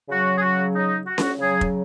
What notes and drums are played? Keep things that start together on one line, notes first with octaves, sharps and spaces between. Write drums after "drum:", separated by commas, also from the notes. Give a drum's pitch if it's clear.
C#3 F#3 F#4
G#4
F#4
D#4
F#4
drum: snare C#4
C#3 F#3 G#4
drum: kick